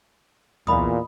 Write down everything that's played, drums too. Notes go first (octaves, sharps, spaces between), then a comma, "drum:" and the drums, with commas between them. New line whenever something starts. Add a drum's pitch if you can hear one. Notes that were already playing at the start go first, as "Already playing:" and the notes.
E2 A#2 D#5 B5 D#6, drum: tom